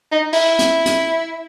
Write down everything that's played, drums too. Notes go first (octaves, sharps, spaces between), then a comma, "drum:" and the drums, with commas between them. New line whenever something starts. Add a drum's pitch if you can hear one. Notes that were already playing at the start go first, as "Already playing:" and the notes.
D#4
E4, drum: open hi-hat
drum: hi-hat
drum: hi-hat